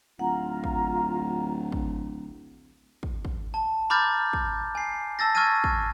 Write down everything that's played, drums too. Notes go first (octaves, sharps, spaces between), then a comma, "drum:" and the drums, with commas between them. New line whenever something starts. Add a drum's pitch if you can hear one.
D1 F4 F#5 A#5
drum: kick
drum: kick
drum: kick
drum: kick
A5
A#5 B5 D6 F6 G6 A6
drum: kick
G#5 C7
A5 E6 A6 A#6
C#6 E6 F6 G#6 A6 D#7
drum: kick